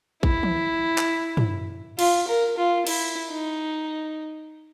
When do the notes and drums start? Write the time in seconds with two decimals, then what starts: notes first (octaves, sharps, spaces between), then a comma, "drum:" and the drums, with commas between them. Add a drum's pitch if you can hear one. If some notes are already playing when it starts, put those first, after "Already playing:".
0.23 E4, drum: kick
0.43 drum: tom
0.98 drum: clap
1.37 drum: tom
1.99 F4, drum: cymbal
2.28 A#4
2.57 F4
2.87 E4, drum: cymbal
3.30 D#4